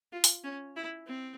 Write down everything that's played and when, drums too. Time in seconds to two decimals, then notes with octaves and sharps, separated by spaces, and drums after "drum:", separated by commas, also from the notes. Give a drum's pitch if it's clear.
0.12 F4
0.24 drum: open hi-hat
0.44 C#4
0.76 E4
1.07 C4